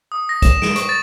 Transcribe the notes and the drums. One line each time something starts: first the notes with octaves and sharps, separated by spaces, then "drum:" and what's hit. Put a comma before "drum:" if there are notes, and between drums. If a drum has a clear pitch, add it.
D#6
A#6
E7, drum: kick, hi-hat
D7, drum: snare
C#6, drum: hi-hat
A6